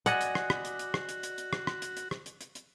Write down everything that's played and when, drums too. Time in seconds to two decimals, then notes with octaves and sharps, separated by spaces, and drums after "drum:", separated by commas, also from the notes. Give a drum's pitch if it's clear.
0.06 F#4 D5 D#5 F#5 G#5, drum: hi-hat
0.21 drum: hi-hat
0.35 drum: rim click
0.50 drum: rim click
0.65 drum: hi-hat
0.79 drum: hi-hat
0.94 drum: rim click
1.09 drum: hi-hat
1.23 drum: hi-hat
1.38 drum: hi-hat
1.53 drum: rim click
1.67 drum: rim click
1.82 drum: hi-hat
1.97 drum: hi-hat
2.11 drum: rim click
2.26 drum: hi-hat
2.41 drum: hi-hat
2.55 drum: hi-hat